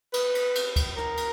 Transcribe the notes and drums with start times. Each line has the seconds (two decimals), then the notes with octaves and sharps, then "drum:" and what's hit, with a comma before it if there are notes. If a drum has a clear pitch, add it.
0.14 B4, drum: cymbal
0.35 drum: cymbal
0.55 drum: cymbal
0.76 drum: kick C#2, cymbal
0.97 A#4, drum: rim click
1.17 drum: cymbal